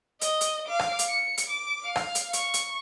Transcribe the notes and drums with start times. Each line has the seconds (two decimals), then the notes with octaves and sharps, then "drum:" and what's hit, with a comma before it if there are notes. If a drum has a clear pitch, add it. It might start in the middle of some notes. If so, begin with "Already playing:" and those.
0.21 D#5, drum: hi-hat
0.41 drum: hi-hat
0.66 F5 D6
0.79 drum: rim click
0.99 drum: hi-hat
1.09 C#7
1.37 drum: hi-hat
1.48 D6
1.84 F5
1.96 drum: rim click
2.15 drum: hi-hat
2.33 C#6, drum: hi-hat
2.54 drum: hi-hat